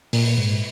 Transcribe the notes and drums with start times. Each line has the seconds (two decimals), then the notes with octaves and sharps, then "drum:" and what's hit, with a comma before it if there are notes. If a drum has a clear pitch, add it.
0.13 A#2, drum: open hi-hat
0.38 G#2